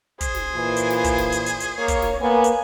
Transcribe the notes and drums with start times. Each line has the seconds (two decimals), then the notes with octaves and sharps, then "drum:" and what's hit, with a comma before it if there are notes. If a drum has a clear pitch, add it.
0.21 G#4 C5, drum: kick, hi-hat
0.35 drum: snare
0.55 A#2 E3
0.76 drum: hi-hat
0.90 drum: snare
1.04 drum: kick, hi-hat
1.18 drum: snare
1.32 drum: hi-hat
1.46 drum: hi-hat
1.60 drum: hi-hat
1.79 A#3 C#5
1.88 drum: kick, hi-hat
2.02 drum: snare
2.21 A#3 B3 G#5
2.44 drum: hi-hat